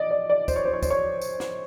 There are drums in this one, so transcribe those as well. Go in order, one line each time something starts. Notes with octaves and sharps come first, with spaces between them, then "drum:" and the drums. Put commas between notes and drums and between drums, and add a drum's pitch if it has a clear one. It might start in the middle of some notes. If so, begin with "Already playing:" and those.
Already playing: D5 D#5
D5
D5
C5, drum: kick, tambourine
C#5
C5
C#5
C5, drum: kick, tambourine
C#5
drum: tambourine
drum: snare